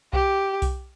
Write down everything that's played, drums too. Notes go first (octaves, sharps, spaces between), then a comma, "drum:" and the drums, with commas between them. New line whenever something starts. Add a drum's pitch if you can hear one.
G4, drum: kick B1
drum: kick B1, open hi-hat